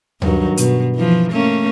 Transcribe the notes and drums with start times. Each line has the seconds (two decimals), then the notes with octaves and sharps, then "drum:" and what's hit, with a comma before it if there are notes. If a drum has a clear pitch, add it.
0.22 G2 D#3 F#3, drum: tom D2
0.57 B2, drum: hi-hat
0.95 E3 F3
1.32 A3 A#3 C#4